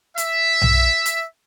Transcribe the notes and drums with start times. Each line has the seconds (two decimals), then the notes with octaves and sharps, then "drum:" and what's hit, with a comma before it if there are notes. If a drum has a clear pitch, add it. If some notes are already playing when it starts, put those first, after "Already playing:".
0.18 E5, drum: hi-hat
0.62 drum: tom B1
1.06 drum: hi-hat